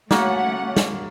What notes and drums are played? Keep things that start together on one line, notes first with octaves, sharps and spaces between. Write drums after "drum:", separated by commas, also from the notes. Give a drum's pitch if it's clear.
A3 A#3 C#4 F#4 F#5, drum: snare
drum: snare